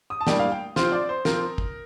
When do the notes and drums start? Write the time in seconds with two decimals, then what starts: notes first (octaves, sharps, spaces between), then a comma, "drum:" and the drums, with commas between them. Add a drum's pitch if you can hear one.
0.10 D#6
0.21 A5
0.27 A2 G3 A#3 D4 G5, drum: snare
0.39 F5
0.52 G5
0.76 F3 C4 F4 C5, drum: snare
0.92 D5
1.09 C5
1.25 F3 C4 F4 A#4, drum: snare
1.58 drum: kick